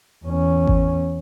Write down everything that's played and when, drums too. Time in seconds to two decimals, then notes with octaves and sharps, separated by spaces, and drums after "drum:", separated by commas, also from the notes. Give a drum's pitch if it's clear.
0.25 E2 C#4
0.67 drum: kick G#1